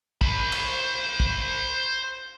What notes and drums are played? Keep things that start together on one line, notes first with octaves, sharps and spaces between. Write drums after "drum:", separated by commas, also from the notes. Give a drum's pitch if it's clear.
C5 B5, drum: kick
drum: cymbal
drum: kick